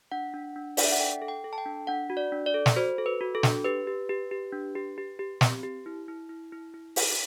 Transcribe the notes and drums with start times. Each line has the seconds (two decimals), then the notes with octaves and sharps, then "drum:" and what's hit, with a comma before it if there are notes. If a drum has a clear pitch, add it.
0.12 D4 F#5
0.34 D4
0.56 D4
0.77 D4 D5, drum: open hi-hat
0.85 E5
0.92 F#5
0.99 A4 G5
1.22 A4
1.28 G5
1.44 A4
1.53 A5
1.58 G5
1.65 D4
1.87 D4 F#5
2.10 F#4
2.17 D5
2.32 D4
2.46 D5
2.54 A4
2.66 drum: snare
2.76 F#4 C5
2.98 A4
3.06 B4
3.21 F#4
3.35 A4
3.43 D4, drum: snare
3.65 G4 B4
3.87 G4
4.09 G4
4.31 G4
4.53 D4
4.75 G4
4.98 G4
5.19 G4
5.41 C4, drum: snare
5.63 G4
5.86 E4
6.08 E4
6.29 E4
6.52 E4
6.74 E4
6.96 G4, drum: open hi-hat